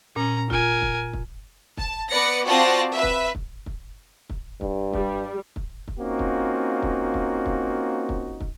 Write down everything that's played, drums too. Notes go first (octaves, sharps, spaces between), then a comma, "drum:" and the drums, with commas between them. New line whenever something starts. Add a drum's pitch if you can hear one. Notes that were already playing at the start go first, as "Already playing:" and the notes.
A#2 C#4 A#5
F4 A#4 G#5, drum: kick
drum: kick
drum: kick
A5, drum: kick
B3 B4 D5 A#6 C#7
C4 F4 F#4 D5 A5 A#6
B4 E5
drum: kick
drum: kick
drum: kick
drum: kick
G2, drum: kick
G3, drum: kick
drum: kick
drum: kick
A#3 C4 C#4 D#4 F4 F#4
drum: kick
drum: kick
drum: kick
drum: kick
drum: kick
drum: kick